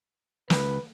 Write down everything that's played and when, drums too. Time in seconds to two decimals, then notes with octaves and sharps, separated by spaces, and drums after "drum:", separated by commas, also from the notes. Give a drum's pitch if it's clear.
0.50 C#2 B4, drum: snare